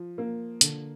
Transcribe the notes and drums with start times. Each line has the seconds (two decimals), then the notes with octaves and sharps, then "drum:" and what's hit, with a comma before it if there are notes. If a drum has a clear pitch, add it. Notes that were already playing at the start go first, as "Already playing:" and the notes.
Already playing: F3
0.18 A#3
0.61 D3, drum: hi-hat